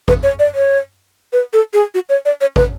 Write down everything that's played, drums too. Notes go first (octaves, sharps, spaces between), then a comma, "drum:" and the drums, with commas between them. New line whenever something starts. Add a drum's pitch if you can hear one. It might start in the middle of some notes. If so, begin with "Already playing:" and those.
B4, drum: kick
C#5
D5
C#5
B4
A4
G#4
F#4
C#5
D5
C#5
B4, drum: kick